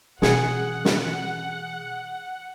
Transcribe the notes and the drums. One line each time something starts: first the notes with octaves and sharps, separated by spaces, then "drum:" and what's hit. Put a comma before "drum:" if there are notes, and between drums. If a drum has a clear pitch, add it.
B2 E3 G#4 F#5 C#7, drum: snare
drum: snare